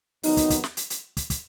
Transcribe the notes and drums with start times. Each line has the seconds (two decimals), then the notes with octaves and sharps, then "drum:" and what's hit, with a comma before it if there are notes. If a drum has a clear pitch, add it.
0.23 F2 D#3 F#3 B3 D#4, drum: open hi-hat
0.37 drum: kick, hi-hat
0.50 drum: kick, hi-hat
0.64 drum: snare
0.77 drum: hi-hat
0.90 drum: hi-hat
1.17 drum: kick, hi-hat
1.30 drum: kick, hi-hat